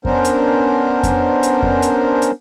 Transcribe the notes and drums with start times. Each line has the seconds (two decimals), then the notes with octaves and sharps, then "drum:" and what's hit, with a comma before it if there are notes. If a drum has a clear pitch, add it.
0.05 B3 C#4 D4 A#4 C5, drum: kick F2
0.24 drum: hi-hat
1.03 drum: kick F2, hi-hat
1.43 drum: hi-hat
1.63 drum: kick F2
1.82 drum: hi-hat
2.22 drum: hi-hat